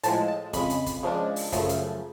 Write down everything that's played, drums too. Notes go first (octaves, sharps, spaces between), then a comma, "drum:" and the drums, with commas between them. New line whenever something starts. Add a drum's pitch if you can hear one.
A2 F3 G#3 A5, drum: hi-hat
A5
F2 C#3 G#3 B5, drum: kick, hi-hat
drum: hi-hat
drum: kick, hi-hat
C#3 F3 G#3 D4
drum: open hi-hat
F#2 C#3 F3 A3, drum: kick, hi-hat
drum: hi-hat